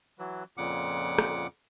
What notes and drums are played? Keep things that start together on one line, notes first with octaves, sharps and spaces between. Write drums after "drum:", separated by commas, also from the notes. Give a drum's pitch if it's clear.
E3 F#3
F2 A#2 C#3 F#5 D6
drum: rim click